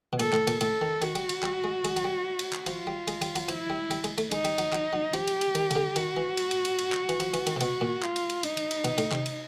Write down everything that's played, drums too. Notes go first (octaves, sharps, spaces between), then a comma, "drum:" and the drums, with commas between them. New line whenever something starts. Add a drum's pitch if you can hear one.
B2
A#2 A4, drum: cymbal
A2, drum: clap
A#2, drum: cymbal
A2 A4, drum: cymbal
D#3
D#3 F#4, drum: cymbal
G3, drum: cymbal
drum: cymbal
G3, drum: clap
G#3
G#3, drum: cymbal
F#3, drum: cymbal
G3
drum: cymbal
drum: clap
F3 F4, drum: cymbal
G3
G#3, drum: cymbal
G3, drum: cymbal
F#3, drum: cymbal
F3 E4, drum: cymbal
G3
G3, drum: cymbal
G#3, drum: cymbal
A3, drum: cymbal
G#3 D#4, drum: cymbal
G3, drum: cymbal
F#3, drum: cymbal
F#3, drum: clap
F#3
F3 G4, drum: cymbal
drum: cymbal
drum: cymbal
D#3, drum: cymbal
C#3, drum: cymbal
D3
D#3 F#4, drum: cymbal
E3
drum: cymbal
drum: cymbal
drum: cymbal
drum: cymbal
drum: clap
E3, drum: cymbal
F3, drum: cymbal
E3, drum: cymbal
D#3, drum: cymbal
C3
B2 F#4, drum: cymbal
A#2
F4, drum: clap
drum: cymbal
drum: cymbal
D#4, drum: cymbal
drum: cymbal
drum: cymbal
B2, drum: cymbal
A2, drum: cymbal
C3, drum: clap
drum: cymbal